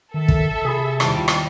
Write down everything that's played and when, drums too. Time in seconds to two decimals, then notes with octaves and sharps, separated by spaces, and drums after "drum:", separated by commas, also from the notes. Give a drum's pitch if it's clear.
0.14 D#3 A4 E5
0.28 drum: kick
0.65 C3 G#4 B5
1.00 D#2 F3 G3 E4 A5, drum: rim click
1.28 drum: rim click